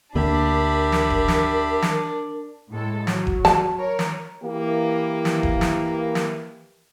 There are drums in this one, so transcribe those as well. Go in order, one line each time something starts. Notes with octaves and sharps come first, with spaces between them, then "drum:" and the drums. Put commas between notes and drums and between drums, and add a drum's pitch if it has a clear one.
D2 D3 A#3 D4 G4 A#4 E5 B5
drum: snare
drum: kick D#1
drum: snare
drum: snare
A2 G#3 A4
F#3, drum: snare
drum: kick D#1
A5, drum: snare
A#4 C#5
drum: snare
E3 A#3 G4
drum: snare
drum: kick D#1
drum: snare
drum: snare